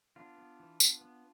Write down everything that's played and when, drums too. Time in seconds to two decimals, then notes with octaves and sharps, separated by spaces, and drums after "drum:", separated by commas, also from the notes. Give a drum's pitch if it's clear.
0.16 B3 D4 F4
0.38 B3
0.60 E3
0.80 B3, drum: tambourine
1.01 B3